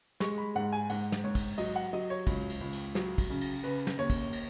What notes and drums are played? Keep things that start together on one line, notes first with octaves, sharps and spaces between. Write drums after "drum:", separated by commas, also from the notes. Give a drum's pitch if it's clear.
G#3 C#6, drum: snare
B5
G#2 F#5
G#5
G#2 F#5, drum: cymbal
drum: snare
G#2 C#5
drum: kick, cymbal
F#3 D#5, drum: cymbal
F#5
F#3 D#5
C#5
C#2, drum: kick, cymbal
drum: cymbal
C#2
drum: cymbal
F#3, drum: snare
drum: kick, cymbal
C#3
drum: cymbal
C#3 B4, drum: cymbal
drum: snare
D#2 C#5
drum: kick, cymbal
drum: cymbal